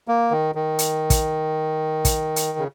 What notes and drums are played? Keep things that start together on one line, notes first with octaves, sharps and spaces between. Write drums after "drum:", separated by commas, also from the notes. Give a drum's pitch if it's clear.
A#3
D#3
D#3
drum: hi-hat
drum: kick, hi-hat
drum: kick, hi-hat
drum: hi-hat
C#3